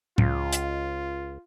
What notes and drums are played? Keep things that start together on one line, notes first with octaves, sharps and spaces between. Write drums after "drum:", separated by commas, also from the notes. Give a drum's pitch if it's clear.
C#2 F4, drum: tom A2
drum: hi-hat